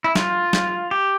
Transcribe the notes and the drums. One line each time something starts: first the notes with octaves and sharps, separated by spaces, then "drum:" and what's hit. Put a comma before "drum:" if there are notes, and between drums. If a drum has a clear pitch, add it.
E4
F4, drum: snare
drum: snare
G4